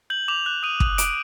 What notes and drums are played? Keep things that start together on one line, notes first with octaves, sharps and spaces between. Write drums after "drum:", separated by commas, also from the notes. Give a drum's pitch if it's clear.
G6 F#7
D6 F7
F#6
D#6 D#7
D#6, drum: kick
D6 D7, drum: hi-hat